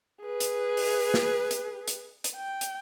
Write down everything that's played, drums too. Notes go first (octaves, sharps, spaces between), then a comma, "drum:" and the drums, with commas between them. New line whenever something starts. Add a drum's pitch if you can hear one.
G#4 B4
drum: hi-hat
drum: open hi-hat
drum: snare
drum: hi-hat
drum: hi-hat
drum: hi-hat
G5
drum: hi-hat